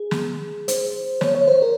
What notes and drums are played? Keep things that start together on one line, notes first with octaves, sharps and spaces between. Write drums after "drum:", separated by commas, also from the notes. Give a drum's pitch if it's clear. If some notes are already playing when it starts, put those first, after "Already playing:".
Already playing: G#4
drum: snare
C5, drum: hi-hat
C#5, drum: snare
C#5
C5
A#4